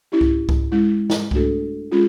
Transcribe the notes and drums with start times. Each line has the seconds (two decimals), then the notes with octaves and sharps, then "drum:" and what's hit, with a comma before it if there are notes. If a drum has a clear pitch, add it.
0.12 C#4 E4 G4
0.21 drum: kick C2
0.49 drum: kick C2
0.72 G#3 C#4 E4
1.10 drum: snare
1.31 A3 D4 F#4 A4, drum: kick C2
1.92 G#3 C#4 F4 G#4